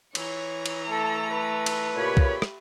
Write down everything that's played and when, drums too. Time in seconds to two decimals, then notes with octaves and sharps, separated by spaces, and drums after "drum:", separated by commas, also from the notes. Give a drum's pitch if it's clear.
0.15 E3 C#5 A#5, drum: cymbal
0.66 drum: cymbal
0.90 A3 A4
1.31 B4
1.66 drum: cymbal
1.96 A#2 C#3 G4 C#5 B5
2.17 drum: kick
2.42 drum: rim click